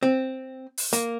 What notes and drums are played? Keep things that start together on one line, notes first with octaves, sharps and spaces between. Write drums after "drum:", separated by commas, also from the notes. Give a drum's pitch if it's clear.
C4
drum: open hi-hat
A#3, drum: hi-hat